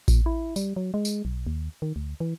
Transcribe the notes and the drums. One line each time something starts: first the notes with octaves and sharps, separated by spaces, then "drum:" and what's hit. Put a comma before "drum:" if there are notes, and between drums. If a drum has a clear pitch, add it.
A#2, drum: kick A1, tambourine
E4
G3, drum: tambourine
F#3
G#3
drum: tambourine
B1
D#2
D#3
D2
E3